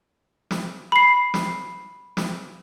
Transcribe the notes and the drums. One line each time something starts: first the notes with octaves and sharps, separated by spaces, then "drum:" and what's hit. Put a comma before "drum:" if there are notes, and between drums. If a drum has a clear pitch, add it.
drum: snare
B5 C7
drum: snare
drum: snare